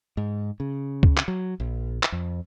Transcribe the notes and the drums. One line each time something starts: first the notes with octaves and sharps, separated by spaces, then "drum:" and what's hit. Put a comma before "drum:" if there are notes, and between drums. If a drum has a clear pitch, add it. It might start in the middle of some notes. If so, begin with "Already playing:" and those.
G#2
C#3
drum: kick
drum: clap
F#3
A#1
drum: clap
F2